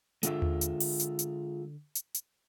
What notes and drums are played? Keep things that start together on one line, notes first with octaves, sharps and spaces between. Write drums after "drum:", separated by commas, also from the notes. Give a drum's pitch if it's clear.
D3 G#3 F4 E5, drum: hi-hat
drum: tom D#2
drum: hi-hat
drum: open hi-hat
drum: hi-hat
drum: hi-hat
drum: hi-hat
drum: hi-hat